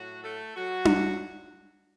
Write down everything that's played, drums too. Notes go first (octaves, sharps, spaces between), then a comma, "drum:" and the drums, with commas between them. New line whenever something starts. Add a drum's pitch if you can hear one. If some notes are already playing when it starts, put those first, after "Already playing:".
Already playing: A2 F#3 F#4
A3 A4
F#3 F#4
drum: tom D4